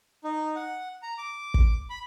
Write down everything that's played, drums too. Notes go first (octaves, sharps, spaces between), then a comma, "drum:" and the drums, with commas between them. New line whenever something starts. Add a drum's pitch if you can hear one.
D#4
F#5
A#5
D6
drum: kick
B5